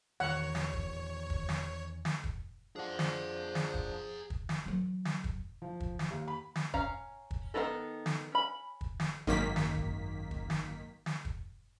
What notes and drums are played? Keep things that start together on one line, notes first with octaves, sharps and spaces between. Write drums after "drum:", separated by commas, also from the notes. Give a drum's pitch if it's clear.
D#1 E2 D#3 A#4 C#5 F#5
drum: snare
drum: kick
drum: kick
drum: snare
drum: snare
drum: kick
F3 D4 G#4 F#5
drum: snare
drum: snare
drum: kick
drum: kick
drum: snare
E3 F#3
drum: snare
drum: kick
F3
drum: kick
drum: snare
D#2
B5
drum: snare
C#4 F5 A#5, drum: kick
drum: kick
D#3 G3 B3 D#4 A4
drum: snare
C#4 B5
drum: kick
drum: snare
G#1 F#2 D#3 A#3 B6
drum: snare
drum: kick
drum: kick
drum: snare
drum: snare
drum: kick